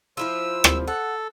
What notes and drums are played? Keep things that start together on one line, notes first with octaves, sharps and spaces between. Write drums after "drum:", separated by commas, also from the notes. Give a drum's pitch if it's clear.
F3 E4 F4 C5 E6
drum: rim click
A4 F#5